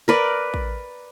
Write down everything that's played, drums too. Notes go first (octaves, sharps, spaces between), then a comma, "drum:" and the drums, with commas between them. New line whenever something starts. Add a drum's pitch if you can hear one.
A#4 B4 D5
drum: kick